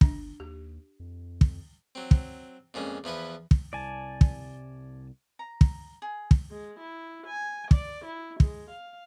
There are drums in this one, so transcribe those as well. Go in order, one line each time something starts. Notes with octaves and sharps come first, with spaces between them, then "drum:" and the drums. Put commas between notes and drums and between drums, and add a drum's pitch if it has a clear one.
G1 D4, drum: kick
D#2 G4
F2
drum: kick
F#3 C4
drum: kick
F2 A#2 G#3 C#4
E2 F3 E4 B4
drum: kick
C2 D5 G#5 A5
drum: kick
A#5
drum: kick
G#4
drum: kick
G#3
E4
G#5
D5, drum: kick
E4
G#3, drum: kick
F5